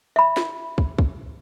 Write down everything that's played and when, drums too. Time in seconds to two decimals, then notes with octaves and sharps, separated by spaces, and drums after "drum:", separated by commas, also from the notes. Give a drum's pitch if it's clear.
0.16 E5 B5
0.37 drum: snare
0.78 drum: kick
0.98 drum: kick